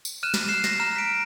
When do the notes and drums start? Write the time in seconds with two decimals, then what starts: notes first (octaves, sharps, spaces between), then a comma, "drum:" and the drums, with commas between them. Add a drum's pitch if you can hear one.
0.05 drum: tambourine
0.23 F6 F#6 D#7 E7
0.34 drum: snare
0.48 F#6 C7 E7
0.64 A#6 C7, drum: snare
0.80 A#5 F6 E7
0.96 B6 D7